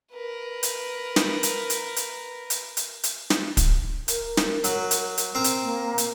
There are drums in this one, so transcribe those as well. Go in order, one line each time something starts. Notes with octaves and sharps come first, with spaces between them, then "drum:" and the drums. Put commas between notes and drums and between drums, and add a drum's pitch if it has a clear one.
A#4 B4
drum: hi-hat
drum: snare
drum: hi-hat
drum: hi-hat
drum: hi-hat
drum: hi-hat
drum: hi-hat
drum: hi-hat
drum: snare
drum: kick, hi-hat
A#4, drum: hi-hat
drum: snare
F#3, drum: hi-hat
drum: hi-hat
drum: hi-hat
C4 A#4
drum: hi-hat
A#3
drum: hi-hat